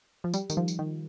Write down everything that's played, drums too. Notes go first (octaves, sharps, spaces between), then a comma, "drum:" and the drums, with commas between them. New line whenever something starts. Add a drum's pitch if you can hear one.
F3
G3, drum: tambourine
D#3, drum: tambourine
F3
drum: tambourine
D#3